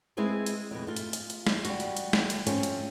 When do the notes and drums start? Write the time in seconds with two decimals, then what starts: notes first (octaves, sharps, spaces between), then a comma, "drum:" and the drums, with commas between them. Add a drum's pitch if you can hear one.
0.17 G#3 C4 E4 G#4 B4 C5
0.46 drum: hi-hat
0.71 F2 B2
0.87 A3 F4
0.97 drum: hi-hat
1.13 drum: hi-hat
1.30 drum: hi-hat
1.47 drum: snare
1.65 G3 F#4, drum: hi-hat
1.80 drum: hi-hat
1.97 drum: hi-hat
2.13 drum: snare
2.30 drum: hi-hat
2.47 F3 A3 C4 C#4 F4, drum: hi-hat
2.63 drum: hi-hat